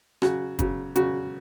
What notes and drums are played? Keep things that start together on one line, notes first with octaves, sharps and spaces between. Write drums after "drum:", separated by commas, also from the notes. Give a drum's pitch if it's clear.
C#3 F#3 F#4, drum: rim click
C#3 F#3, drum: kick, hi-hat
C#3 F#3 F#4, drum: hi-hat